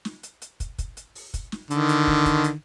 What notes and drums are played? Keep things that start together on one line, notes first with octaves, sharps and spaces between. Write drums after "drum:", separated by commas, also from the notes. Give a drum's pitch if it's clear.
drum: snare
drum: hi-hat
drum: hi-hat
drum: kick, hi-hat
drum: kick, hi-hat
drum: hi-hat
drum: open hi-hat
drum: kick, hi-hat
drum: snare
D3 D#3, drum: hi-hat
drum: hi-hat
drum: kick
drum: kick, hi-hat
drum: hi-hat